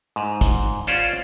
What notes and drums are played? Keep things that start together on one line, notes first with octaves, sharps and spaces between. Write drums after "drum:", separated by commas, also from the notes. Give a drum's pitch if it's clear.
G#2
drum: kick, hi-hat
C#4 F4 C5 D5 F5 F#5, drum: hi-hat